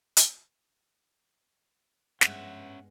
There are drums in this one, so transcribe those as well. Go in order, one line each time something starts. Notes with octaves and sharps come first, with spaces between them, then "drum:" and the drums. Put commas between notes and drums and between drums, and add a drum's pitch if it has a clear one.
drum: hi-hat
G2 G#3 B3 C#4 E5 F#5, drum: snare